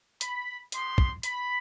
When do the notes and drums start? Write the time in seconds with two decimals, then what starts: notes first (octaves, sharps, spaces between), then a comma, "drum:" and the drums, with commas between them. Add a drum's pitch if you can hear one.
0.21 B5, drum: hi-hat
0.72 B3 D#4 G4 C6, drum: hi-hat
0.98 drum: kick
1.23 B5, drum: hi-hat